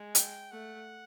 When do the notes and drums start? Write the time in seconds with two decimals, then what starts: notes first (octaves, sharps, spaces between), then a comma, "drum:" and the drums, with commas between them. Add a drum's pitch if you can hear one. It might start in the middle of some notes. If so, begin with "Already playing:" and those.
Already playing: G#3
0.15 G5, drum: hi-hat
0.51 A3 F#5